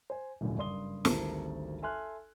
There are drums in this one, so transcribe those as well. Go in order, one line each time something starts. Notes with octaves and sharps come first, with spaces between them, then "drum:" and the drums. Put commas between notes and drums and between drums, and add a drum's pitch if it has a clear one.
C5 G#5
D#1 F#2 A2 D3 D#3
F#1 G2 D5 C6 D#6 G7
G#1 D2 G3 C4 A#4 A5, drum: snare
A4 E5 G#5 C6 F6 F#6